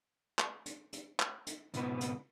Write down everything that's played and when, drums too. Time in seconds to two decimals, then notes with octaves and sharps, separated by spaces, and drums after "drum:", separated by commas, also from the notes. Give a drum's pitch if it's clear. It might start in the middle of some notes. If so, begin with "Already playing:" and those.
0.39 drum: clap
0.66 drum: hi-hat
0.93 drum: hi-hat
1.20 drum: clap
1.47 drum: hi-hat
1.74 C#2 G#2 B2 B4, drum: hi-hat
2.01 drum: hi-hat